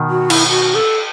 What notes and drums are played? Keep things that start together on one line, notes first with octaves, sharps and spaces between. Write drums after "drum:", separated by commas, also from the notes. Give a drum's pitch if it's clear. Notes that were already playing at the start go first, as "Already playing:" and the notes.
Already playing: B2 D#3
F#4
E4, drum: cymbal
F#4
A4